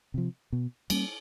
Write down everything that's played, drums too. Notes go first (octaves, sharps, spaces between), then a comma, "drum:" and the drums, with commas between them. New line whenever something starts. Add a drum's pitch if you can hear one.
C3 F3
B2
G3 A#3 C#4, drum: cymbal